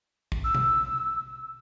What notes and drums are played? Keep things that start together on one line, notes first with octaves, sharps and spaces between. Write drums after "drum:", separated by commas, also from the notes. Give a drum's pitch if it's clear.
drum: kick
E6
drum: tom B2